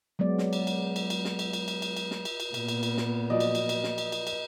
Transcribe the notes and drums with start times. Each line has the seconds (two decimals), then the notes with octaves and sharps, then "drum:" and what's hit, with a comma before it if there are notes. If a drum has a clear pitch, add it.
0.19 F#3 G#3 B3 D5
0.38 drum: snare
0.53 drum: cymbal
0.67 drum: cymbal
0.96 drum: cymbal
1.10 drum: cymbal
1.25 drum: snare
1.39 drum: cymbal
1.53 drum: cymbal
1.68 drum: cymbal
1.82 drum: cymbal
1.97 drum: cymbal
2.11 drum: snare
2.25 drum: cymbal
2.40 drum: cymbal
2.54 A#2 B3, drum: cymbal
2.68 drum: cymbal
2.83 drum: cymbal
2.97 drum: snare
3.30 F3 F#3 D5 D#5
3.40 drum: cymbal
3.55 drum: cymbal
3.69 drum: cymbal
3.84 drum: snare
3.98 drum: cymbal
4.12 drum: cymbal
4.27 drum: cymbal